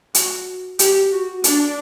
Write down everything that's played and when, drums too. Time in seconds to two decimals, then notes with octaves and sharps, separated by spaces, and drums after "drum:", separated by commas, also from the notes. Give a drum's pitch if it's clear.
0.15 F#4, drum: hi-hat
0.79 G4, drum: hi-hat
1.12 F#4
1.44 D4, drum: hi-hat